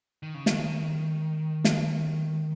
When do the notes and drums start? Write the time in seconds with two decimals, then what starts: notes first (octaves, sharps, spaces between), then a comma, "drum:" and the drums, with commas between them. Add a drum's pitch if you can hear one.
0.23 D#3
0.34 C#3
0.46 D#3, drum: snare
1.64 drum: snare